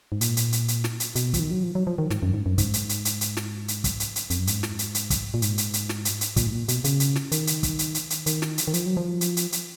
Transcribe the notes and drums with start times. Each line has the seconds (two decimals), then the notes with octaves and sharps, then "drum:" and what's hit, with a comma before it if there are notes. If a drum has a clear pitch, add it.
0.12 G#2
0.21 A#2, drum: hi-hat
0.37 drum: hi-hat
0.52 drum: hi-hat
0.68 drum: hi-hat
0.84 drum: snare
1.00 drum: hi-hat
1.15 B2, drum: hi-hat
1.34 F3, drum: kick, hi-hat
1.40 D#3
1.51 F#3
1.63 F3
1.75 F#3
1.87 F3
1.98 D#3
2.10 G#2, drum: snare
2.23 F#2
2.34 G#2
2.46 F#2
2.58 G#2, drum: kick, hi-hat
2.74 drum: hi-hat
2.89 drum: hi-hat
3.05 drum: hi-hat
3.21 drum: hi-hat
3.37 drum: snare
3.68 drum: hi-hat
3.84 drum: kick, hi-hat
4.00 drum: hi-hat
4.16 drum: hi-hat
4.30 F2, drum: hi-hat
4.39 F#2
4.47 G#2, drum: hi-hat
4.63 drum: snare
4.79 drum: hi-hat
4.95 drum: hi-hat
5.10 drum: kick, hi-hat
5.34 A#2
5.42 G#2, drum: hi-hat
5.58 drum: hi-hat
5.74 drum: hi-hat
5.89 drum: snare
6.05 drum: hi-hat
6.21 drum: hi-hat
6.36 A#2, drum: kick, hi-hat
6.47 G#2
6.52 A#2
6.68 B2, drum: hi-hat
6.84 C#3, drum: hi-hat
7.00 drum: hi-hat
7.16 drum: snare
7.32 D#3, drum: hi-hat
7.47 drum: hi-hat
7.63 drum: kick, hi-hat
7.79 drum: hi-hat
7.95 drum: hi-hat
8.10 drum: hi-hat
8.26 D#3, drum: hi-hat
8.42 drum: snare
8.58 drum: hi-hat
8.67 D#3
8.74 F3, drum: hi-hat
8.86 F#3
8.97 F3
9.21 drum: hi-hat
9.37 drum: hi-hat
9.52 drum: hi-hat